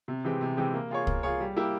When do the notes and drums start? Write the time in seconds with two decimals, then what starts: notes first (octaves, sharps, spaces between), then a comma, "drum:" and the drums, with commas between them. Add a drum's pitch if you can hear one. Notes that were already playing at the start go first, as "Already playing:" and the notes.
0.08 C3
0.24 E3 G#3 C4 G4
0.41 C3
0.57 E3 G#3 C4 G4
0.74 A#3
0.91 F4 G#4 C#5
1.07 A#3, drum: kick
1.23 F4 G#4 C#5
1.40 G3
1.56 A#3 E4 G4